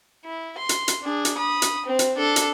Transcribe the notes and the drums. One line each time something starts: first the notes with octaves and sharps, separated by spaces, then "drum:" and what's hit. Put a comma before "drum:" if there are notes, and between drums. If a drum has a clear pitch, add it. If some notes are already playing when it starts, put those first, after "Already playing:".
E4
C6
drum: hi-hat
drum: hi-hat
D4 G#4
drum: hi-hat
B5 D#6
drum: hi-hat
C4
drum: hi-hat
D4 A4
drum: hi-hat